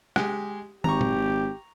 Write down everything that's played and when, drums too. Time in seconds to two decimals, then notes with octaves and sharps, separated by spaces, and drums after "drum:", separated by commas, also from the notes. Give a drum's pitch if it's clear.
0.16 G#3 G4, drum: rim click
0.84 G#1 G4 A#5 C#6, drum: tom
1.01 drum: tom